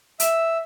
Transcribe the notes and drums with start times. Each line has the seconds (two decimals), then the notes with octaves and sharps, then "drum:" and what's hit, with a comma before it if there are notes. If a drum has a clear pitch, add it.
0.20 E5, drum: hi-hat